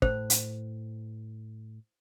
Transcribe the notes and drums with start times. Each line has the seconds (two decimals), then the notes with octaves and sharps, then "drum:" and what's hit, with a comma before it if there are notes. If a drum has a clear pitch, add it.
0.02 A2 C5, drum: kick
0.30 drum: hi-hat